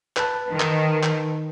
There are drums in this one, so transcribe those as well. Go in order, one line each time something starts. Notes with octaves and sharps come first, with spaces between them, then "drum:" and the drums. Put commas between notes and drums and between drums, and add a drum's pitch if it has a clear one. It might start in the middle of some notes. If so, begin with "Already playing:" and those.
B4 A5, drum: clap
D#3
drum: clap
drum: clap